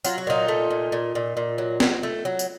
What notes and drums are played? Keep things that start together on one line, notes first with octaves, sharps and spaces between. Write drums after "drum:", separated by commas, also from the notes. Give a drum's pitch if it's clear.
F#3 F4, drum: tambourine
F#4
A#2 D#4 F4
A3
A#2
A#2
A#2
A#2
F#3
F#3, drum: snare
A3
F#3
drum: tambourine